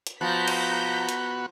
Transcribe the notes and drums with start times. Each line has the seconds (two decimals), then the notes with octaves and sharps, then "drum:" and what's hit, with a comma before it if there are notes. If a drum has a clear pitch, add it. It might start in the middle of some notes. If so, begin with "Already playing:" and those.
0.07 drum: hi-hat
0.21 F3 B3 F#4 A#5 G6 B6
0.48 drum: cymbal
1.09 drum: hi-hat